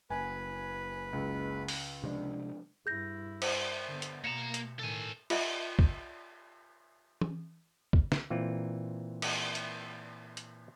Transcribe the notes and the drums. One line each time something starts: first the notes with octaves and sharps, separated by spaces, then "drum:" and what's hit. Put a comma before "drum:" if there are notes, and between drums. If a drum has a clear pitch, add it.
F#1 B4 G#5
C#2 G#3
drum: open hi-hat
C3 F3 G#3 D4
G2 E4 G#4 G6 A#6
C5, drum: cymbal
D3 B3
drum: hi-hat
B2 A#3 A#5 C#7 E7
drum: hi-hat
A2 D#3 A4 G#5
F4 D#5 E5, drum: cymbal
drum: kick
drum: tom E3
drum: kick
drum: snare
A#2 E3 C4 F4
drum: cymbal
drum: hi-hat
drum: hi-hat